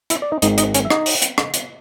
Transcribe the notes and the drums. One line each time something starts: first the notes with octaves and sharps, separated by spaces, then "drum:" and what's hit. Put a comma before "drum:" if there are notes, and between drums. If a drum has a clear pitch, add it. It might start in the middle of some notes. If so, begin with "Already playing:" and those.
E4 E5, drum: hi-hat
D5
D#4 D#5
G#1 G#2 D#3 D#4 D#5, drum: hi-hat
D#4 D#5, drum: hi-hat
C#4 C#5, drum: hi-hat
E5
D#4 D#5, drum: rim click
drum: open hi-hat
drum: hi-hat
drum: rim click
drum: hi-hat